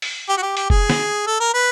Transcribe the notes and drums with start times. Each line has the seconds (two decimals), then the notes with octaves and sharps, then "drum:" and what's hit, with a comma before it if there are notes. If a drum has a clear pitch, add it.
0.02 drum: open hi-hat
0.29 G4
0.37 F#4
0.42 G4
0.57 G4, drum: hi-hat
0.70 G#4, drum: kick F1
0.90 drum: snare
1.27 A4
1.40 A#4
1.54 B4